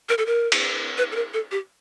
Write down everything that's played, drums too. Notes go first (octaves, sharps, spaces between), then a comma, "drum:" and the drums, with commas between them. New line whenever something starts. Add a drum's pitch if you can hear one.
A#4
A4
A#4
drum: cymbal
B4
A4
A#4
A4
G4